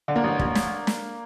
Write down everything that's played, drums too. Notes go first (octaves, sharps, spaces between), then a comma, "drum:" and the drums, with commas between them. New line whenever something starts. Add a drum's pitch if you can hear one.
D3
A#3 D4
A1
A1, drum: kick
drum: snare
drum: snare